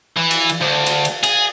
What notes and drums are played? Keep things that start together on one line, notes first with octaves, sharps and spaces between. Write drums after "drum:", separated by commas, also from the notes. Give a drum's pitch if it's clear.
E3
drum: cymbal
drum: cymbal
D2
drum: cymbal
drum: cymbal
G#4, drum: cymbal